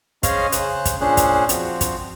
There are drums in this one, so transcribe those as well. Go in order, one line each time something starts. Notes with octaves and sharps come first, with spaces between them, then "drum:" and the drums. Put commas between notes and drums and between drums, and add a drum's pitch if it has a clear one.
C#4 G#4 C5 C#5 D#5 F5, drum: kick, hi-hat
C#3 C5 F#6, drum: hi-hat
drum: kick, hi-hat
A#2 C#4 D4 G#4 C5 F#6
drum: kick, hi-hat
F3 C4 F#4, drum: hi-hat
drum: kick, hi-hat